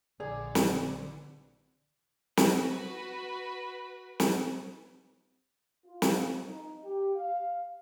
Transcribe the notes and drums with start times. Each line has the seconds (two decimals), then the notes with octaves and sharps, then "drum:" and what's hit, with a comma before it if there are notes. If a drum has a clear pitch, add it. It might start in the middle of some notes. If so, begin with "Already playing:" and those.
0.20 A#1 D3 G#4 D5
0.55 drum: snare
2.37 F#4 B4, drum: snare
4.20 drum: snare
5.86 F4
6.02 drum: snare
6.46 D#4
6.83 G4
7.14 F5